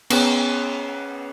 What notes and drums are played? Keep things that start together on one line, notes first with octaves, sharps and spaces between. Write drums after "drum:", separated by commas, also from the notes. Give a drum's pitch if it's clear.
B3 C#4 G#4 C#5 G#5, drum: cymbal